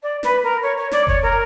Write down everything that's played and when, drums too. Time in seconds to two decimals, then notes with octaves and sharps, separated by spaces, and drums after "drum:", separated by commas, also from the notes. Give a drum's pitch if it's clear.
0.02 D5
0.23 B4, drum: snare
0.43 A#4
0.62 C#5
0.77 C#5
0.91 D5, drum: snare
1.07 C#5, drum: kick F#1
1.22 A#4